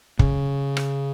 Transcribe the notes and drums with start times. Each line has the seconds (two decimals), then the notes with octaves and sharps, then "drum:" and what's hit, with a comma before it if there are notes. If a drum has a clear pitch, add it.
0.19 C#3, drum: kick
0.77 drum: rim click